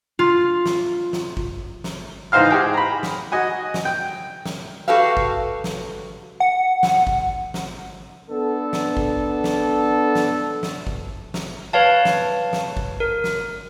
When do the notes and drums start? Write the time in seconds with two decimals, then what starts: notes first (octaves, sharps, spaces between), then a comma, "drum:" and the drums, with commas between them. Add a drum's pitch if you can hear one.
0.19 F4
0.66 drum: snare
1.13 drum: snare
1.37 drum: kick G#1
1.84 drum: snare
2.32 G#2 E3 D#4 C5 F5 F6
2.51 G4 G#4 F#5 G5
2.74 A#5 B5
3.03 drum: snare
3.32 F#4 D#5 F#5 G#5
3.74 drum: snare
3.85 G5
4.46 drum: snare
4.88 F#4 G4 A4 B4 F5
5.17 drum: kick G#1
5.64 drum: snare
6.40 F#5
6.83 drum: snare
7.07 drum: kick G#1
7.54 drum: snare
8.30 B3 D4 A4
8.73 drum: snare
8.97 drum: kick G#1
9.44 drum: snare
10.15 drum: snare
10.63 drum: snare
10.87 drum: kick G#1
11.34 drum: snare
11.73 B4 C#5 F5 A5
12.05 drum: snare
12.53 drum: snare
12.77 drum: kick G#1
13.00 A#4
13.24 drum: snare